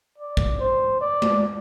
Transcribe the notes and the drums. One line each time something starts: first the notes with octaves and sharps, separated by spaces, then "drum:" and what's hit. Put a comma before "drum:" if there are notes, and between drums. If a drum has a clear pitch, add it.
D5
drum: kick
C5
D5
drum: tom G#3